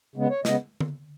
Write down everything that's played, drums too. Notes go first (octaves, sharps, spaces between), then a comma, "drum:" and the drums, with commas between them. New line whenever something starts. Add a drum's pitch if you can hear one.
C#3 G#3 B3
C#5
C#3 G#3 B3 D#5, drum: snare
drum: tom D3